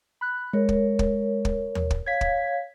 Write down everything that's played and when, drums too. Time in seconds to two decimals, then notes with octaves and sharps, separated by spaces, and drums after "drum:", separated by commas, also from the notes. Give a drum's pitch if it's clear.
0.21 B5 F#6
0.53 G#3 A#4 C#5
0.69 drum: kick
0.99 drum: kick
1.45 drum: kick
1.75 drum: tom D#2
1.91 drum: kick
2.06 C#5 F5 G#6 B6
2.21 drum: kick